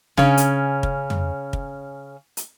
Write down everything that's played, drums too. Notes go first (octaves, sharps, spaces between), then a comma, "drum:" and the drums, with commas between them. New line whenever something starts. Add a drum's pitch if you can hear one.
C#3 C#4, drum: snare
drum: hi-hat
drum: kick
drum: tom
drum: kick
drum: hi-hat